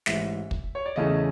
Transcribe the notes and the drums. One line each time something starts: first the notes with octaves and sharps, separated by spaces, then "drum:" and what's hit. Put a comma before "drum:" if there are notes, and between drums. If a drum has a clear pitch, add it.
A1 G#2 E3 E5, drum: snare
drum: kick
C#5
D5
E2 C#3 E3 A3 C#4 D#5